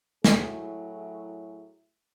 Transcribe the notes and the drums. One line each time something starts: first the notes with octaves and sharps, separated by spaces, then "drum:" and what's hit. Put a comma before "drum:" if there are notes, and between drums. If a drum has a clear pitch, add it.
A2 F#3 E4 G#4, drum: snare